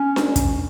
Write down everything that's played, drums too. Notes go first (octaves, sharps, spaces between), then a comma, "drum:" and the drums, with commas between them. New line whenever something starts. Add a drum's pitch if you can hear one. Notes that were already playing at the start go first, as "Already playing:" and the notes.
Already playing: C#4
drum: snare D4
drum: kick, hi-hat